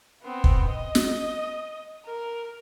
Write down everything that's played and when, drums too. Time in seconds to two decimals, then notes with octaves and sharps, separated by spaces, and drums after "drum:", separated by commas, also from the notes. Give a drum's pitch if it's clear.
0.23 B3 C4
0.44 drum: kick
0.69 D#5
0.95 drum: snare
2.05 A#4